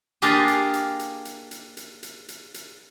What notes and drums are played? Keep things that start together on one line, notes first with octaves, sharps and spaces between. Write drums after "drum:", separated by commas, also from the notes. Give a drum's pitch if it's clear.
A#3 D4 F4 G4 G#4 D#5, drum: hi-hat
drum: hi-hat
drum: hi-hat
drum: hi-hat
drum: hi-hat
drum: hi-hat
drum: hi-hat
drum: hi-hat
drum: hi-hat
drum: hi-hat